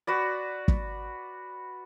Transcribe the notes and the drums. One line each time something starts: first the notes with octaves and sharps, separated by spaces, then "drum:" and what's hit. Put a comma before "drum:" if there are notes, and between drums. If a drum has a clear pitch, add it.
F#4 B4 D5
drum: kick